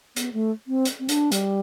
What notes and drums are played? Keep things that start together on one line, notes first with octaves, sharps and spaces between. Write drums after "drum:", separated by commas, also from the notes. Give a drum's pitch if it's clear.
B3, drum: hi-hat
A3
C4
drum: hi-hat
C4
D4, drum: hi-hat
G3, drum: hi-hat